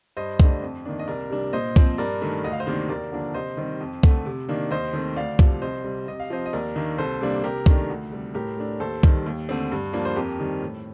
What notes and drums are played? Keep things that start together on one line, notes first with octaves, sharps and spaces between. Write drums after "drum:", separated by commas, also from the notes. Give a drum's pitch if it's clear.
G2 C5 D#5
D3 A3 D4, drum: kick C2
F2
D#3 A#3 D4
D#5
C2 A#4 D5
C3 G3 D4
A#2 C5 D#5
F3 C4, drum: kick C2
G2 A#4 D5
D#3 A3 D4
D2 D#5
F5
C5 D#5
C3 D#3 A#3 D4
D#2 A#4 D5
D3 F3 A#3 D4
C3 C5 D#5
D#3 G3 C4
F2
D3 A3, drum: kick C2
C3
D#3 A#3 D4
D#2 C5 D#5
D#3 A3 C4
D2 D5 F5
C3 F3, drum: kick C2
C2 C5 D#5
C3 G3
C3 D#5
F5
F3 C4 C5 D#5
D#5
D#2 A#4 D5
D#3 A#3 D4
C2 A4 C5
C3 G3 A#3 D4
C3 G4 A#4
D#3 A3 D4, drum: kick C2
D2
C3 G3
A2 G4 A#4
A3 D4
D#2 A4 C5
D#3 G3, drum: kick C2
D#2
D3 A3 C4
G2
F3 A#3 D4
C5
F2 G4 A#4
D#3 G3
A2